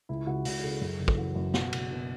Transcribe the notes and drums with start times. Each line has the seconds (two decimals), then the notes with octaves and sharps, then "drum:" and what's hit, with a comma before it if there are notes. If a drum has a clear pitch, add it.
0.09 C#2 E4
0.27 C#2 F#4
0.45 C#2 F#4, drum: open hi-hat
0.63 C#3 A4
0.81 F#2
0.99 F#1
1.08 A4, drum: kick
1.17 E3 F#4
1.36 F#2 F#4
1.54 B2 F#4, drum: snare
1.73 F#1, drum: cymbal
1.91 B2